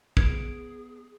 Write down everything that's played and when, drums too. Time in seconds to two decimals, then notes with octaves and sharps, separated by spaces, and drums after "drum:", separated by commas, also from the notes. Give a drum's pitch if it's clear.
0.17 B3 G#4 G#6 D7, drum: kick